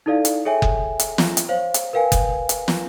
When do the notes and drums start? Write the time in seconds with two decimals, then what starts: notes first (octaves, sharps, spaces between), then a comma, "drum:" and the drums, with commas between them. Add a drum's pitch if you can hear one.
0.06 D#4 E4 A4 D5 F5
0.25 drum: hi-hat
0.45 G#4 A4 C#5 E5 G5 G#5
0.62 drum: kick F#1
0.99 drum: hi-hat
1.18 drum: snare
1.37 drum: hi-hat
1.49 C5 C#5 F5
1.74 drum: hi-hat
1.93 A#4 B4 F5 G5 G#5
2.12 drum: kick F#1, hi-hat
2.49 drum: hi-hat
2.68 drum: snare